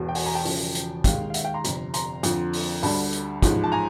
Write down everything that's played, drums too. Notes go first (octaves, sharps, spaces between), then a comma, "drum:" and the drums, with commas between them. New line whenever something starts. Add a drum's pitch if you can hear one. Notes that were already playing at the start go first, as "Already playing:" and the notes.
Already playing: E1 E2 B2
G5
F#5 G#5, drum: open hi-hat
G#5 A#5
G5 A5
E1 E2 C#3 F3, drum: open hi-hat
drum: hi-hat
D#2 D#3 G#3 F5 G5, drum: kick, hi-hat
F5
E5 F#5, drum: hi-hat
F5 G5
A#5 C6
G1 F2 C3, drum: hi-hat
A#5 C6, drum: hi-hat
F2 D3 F3, drum: hi-hat
drum: open hi-hat
D2 D3 G3 A5 B5, drum: open hi-hat
drum: hi-hat
A1 G#2 F3 G#3, drum: kick, hi-hat
A5
G#5 A#5